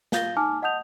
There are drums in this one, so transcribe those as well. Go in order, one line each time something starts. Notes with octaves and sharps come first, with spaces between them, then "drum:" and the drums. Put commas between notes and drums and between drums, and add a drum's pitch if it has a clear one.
F4 F5 G6 A6 A#6 G7, drum: snare
D#4 G#5 A5 D6 F6
D#5 F#5 A5 D#6 G6 F7